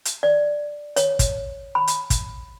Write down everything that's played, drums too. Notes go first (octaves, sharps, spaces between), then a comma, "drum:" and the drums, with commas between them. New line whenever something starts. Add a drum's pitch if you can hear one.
drum: hi-hat
D5
C#5, drum: hi-hat
drum: kick, hi-hat
B5
drum: hi-hat
drum: kick, hi-hat